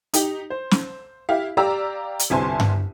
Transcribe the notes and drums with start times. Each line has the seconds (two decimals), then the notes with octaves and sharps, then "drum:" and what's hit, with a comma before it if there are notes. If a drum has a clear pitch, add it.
0.14 D#4 G4, drum: hi-hat
0.50 C5
0.71 drum: snare
1.29 E4 G4 F5
1.57 G4 D5 F5 A#5 E6
2.19 drum: hi-hat
2.30 G1 C2 C4 G#5 A5 C6
2.60 drum: tom G2